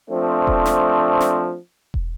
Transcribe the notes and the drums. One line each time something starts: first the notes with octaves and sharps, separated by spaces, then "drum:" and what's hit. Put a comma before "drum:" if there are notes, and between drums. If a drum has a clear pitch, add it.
F3 A3 C4 D4
drum: kick E1
drum: snare
drum: snare
drum: kick E1